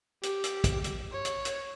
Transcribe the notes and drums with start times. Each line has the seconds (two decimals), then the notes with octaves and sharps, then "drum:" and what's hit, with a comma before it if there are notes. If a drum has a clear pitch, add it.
0.23 G4, drum: hi-hat
0.44 drum: hi-hat
0.64 drum: kick, hi-hat
0.84 drum: hi-hat
1.12 C#5
1.25 drum: hi-hat
1.45 drum: hi-hat